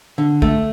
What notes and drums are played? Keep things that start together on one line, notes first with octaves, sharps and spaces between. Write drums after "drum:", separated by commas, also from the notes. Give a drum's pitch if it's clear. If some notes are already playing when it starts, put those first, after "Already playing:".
D3
A3, drum: kick